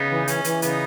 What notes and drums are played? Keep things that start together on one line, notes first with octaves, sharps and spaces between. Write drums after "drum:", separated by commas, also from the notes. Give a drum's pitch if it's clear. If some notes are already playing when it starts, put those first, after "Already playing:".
Already playing: C#3 B3 D#4
E3
E3 C#4, drum: hi-hat
E3, drum: hi-hat
C#3 B3 D#4, drum: hi-hat